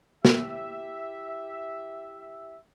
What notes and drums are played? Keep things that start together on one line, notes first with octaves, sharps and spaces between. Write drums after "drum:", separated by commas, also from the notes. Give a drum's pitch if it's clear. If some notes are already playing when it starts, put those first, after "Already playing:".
E4 G4 E5, drum: snare